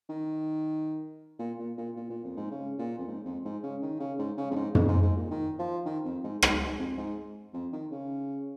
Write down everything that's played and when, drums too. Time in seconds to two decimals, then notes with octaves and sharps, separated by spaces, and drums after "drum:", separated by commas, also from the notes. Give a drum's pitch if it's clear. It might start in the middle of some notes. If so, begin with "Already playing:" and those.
0.09 D#3
1.39 A#2
1.59 A#2
1.78 A#2
1.96 A#2
2.10 A#2
2.24 F2
2.37 G#2
2.51 C#3
2.79 A#2
2.98 F2
3.07 G#2
3.25 F2
3.45 G#2
3.63 C#3
3.82 D#3
4.00 C#3
4.19 G#2
4.37 C#3
4.51 F2
4.56 G#2
4.75 F2, drum: tom
4.88 G#2
5.02 G#2
5.17 A#2
5.31 D#3
5.59 F3
5.86 D#3
6.05 F2
6.24 G#2
6.42 G#2, drum: rim click
6.61 G#2
6.79 F2
6.97 G#2
7.54 F2
7.73 D#3
7.91 C#3